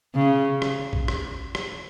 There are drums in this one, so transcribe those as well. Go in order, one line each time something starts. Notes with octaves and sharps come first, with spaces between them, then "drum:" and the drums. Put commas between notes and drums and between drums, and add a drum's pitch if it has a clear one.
C#3
drum: rim click
drum: kick
drum: rim click
drum: rim click